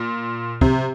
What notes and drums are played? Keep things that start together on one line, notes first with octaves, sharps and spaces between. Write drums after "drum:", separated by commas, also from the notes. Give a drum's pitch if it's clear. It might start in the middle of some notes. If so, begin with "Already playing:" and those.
Already playing: A#2
C3, drum: kick